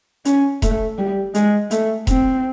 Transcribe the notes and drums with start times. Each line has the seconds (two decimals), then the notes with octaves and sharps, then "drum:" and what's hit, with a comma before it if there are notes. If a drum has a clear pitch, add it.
0.25 C#4, drum: hi-hat
0.62 A3, drum: kick E1, hi-hat
0.98 G3
1.34 G#3, drum: hi-hat
1.71 A3, drum: hi-hat
2.07 C4, drum: kick E1, hi-hat